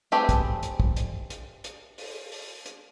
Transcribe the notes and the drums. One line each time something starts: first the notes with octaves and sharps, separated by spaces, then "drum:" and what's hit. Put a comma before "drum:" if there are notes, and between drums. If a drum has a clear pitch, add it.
A3 C4 G4 G#4 B4
drum: kick, hi-hat
drum: hi-hat
drum: kick
drum: hi-hat
drum: hi-hat
drum: hi-hat
drum: open hi-hat
drum: open hi-hat
drum: hi-hat